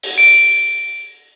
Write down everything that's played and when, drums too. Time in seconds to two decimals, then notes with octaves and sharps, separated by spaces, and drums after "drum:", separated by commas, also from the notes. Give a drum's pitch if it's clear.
0.03 drum: open hi-hat
0.18 D7